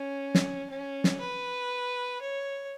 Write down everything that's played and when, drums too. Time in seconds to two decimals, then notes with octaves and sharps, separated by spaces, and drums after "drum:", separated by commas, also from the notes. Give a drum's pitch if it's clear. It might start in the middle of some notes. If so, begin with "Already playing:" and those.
Already playing: C#4
0.35 drum: snare
0.70 C#4
1.04 drum: snare
1.20 B4
2.21 C#5